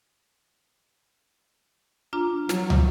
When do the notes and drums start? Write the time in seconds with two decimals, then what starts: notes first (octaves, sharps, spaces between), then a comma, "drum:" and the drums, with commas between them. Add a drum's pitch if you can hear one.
2.13 D4 F4 A#5
2.49 F#3, drum: snare
2.70 drum: tom